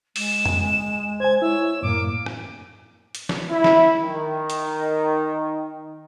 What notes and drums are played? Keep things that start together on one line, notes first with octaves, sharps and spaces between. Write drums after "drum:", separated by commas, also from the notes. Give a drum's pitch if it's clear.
G#3 E7, drum: open hi-hat
drum: tom F2
C5 G#5 G#6
E4 C#5 E6
F#2 A2 A#3 D6
drum: rim click
drum: hi-hat
drum: snare
E4
drum: snare
D#3
drum: hi-hat